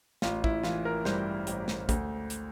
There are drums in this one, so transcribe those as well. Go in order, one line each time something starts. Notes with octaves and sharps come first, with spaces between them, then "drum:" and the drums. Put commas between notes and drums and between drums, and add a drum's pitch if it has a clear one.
A1 F4, drum: snare
E4, drum: kick
E3 F4, drum: snare
A#4
G2 C5, drum: snare
A1, drum: hi-hat
drum: snare
D2, drum: kick, hi-hat
drum: hi-hat